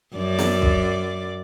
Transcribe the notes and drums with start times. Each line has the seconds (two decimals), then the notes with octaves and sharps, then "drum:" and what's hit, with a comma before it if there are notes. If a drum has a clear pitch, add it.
0.15 F#2 D5
0.39 drum: snare
0.62 drum: kick